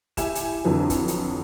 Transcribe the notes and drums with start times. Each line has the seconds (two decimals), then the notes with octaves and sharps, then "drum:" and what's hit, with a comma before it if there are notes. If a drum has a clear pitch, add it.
0.17 E4 G4 G#5 E7, drum: kick, hi-hat
0.35 drum: hi-hat
0.65 F2 D3 E3 F#3
0.90 drum: kick, hi-hat
1.08 drum: hi-hat